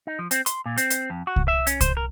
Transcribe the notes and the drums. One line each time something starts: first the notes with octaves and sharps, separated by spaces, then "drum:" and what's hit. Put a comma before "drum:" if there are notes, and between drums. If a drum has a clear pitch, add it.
D#4
F3
C4, drum: hi-hat
C6, drum: hi-hat
A#2
C4, drum: hi-hat
drum: hi-hat
F2
F#4
drum: kick C2
E5
C#4, drum: hi-hat
C5, drum: kick C2, hi-hat
A#4